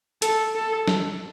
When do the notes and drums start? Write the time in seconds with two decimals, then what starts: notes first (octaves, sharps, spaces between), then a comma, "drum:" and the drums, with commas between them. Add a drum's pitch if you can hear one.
0.22 A4, drum: hi-hat
0.55 A4
0.88 drum: snare